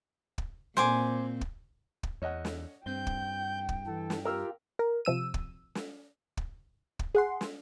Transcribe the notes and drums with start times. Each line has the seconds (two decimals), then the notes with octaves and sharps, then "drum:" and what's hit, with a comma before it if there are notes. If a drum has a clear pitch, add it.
0.38 drum: kick
0.77 A#2 C4 C5 G#5 D6, drum: snare
1.41 drum: kick
2.03 drum: kick
2.22 E2 C#5 D#5 F#5
2.45 drum: snare
2.86 G2 C4 G5 G6
3.07 drum: kick
3.69 drum: kick
3.87 E3 A4
4.10 drum: snare
4.25 F4 G4 A#4 E6 F6
4.79 A#4
5.05 C3 F3 E6 D#7
5.34 drum: kick
5.75 drum: snare
6.37 drum: kick
6.99 drum: kick
7.15 G#4 F#5 C6
7.41 drum: snare